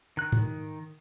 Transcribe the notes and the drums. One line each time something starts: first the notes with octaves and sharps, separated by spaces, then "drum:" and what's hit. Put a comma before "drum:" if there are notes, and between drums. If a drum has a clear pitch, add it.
D#3 F#6
drum: tom G#2